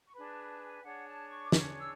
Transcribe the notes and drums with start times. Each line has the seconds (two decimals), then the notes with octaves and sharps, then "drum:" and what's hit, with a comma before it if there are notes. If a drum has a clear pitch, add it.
0.07 C#6
0.13 D4 G#4 B4 B5
0.31 A5
0.43 B5
0.48 A5
0.65 G#5
0.83 D4 G#4 C#5 F#5
1.06 A5
1.29 C#6
1.43 D6
1.52 D4 G#4 C#5 C#6, drum: snare
1.79 E6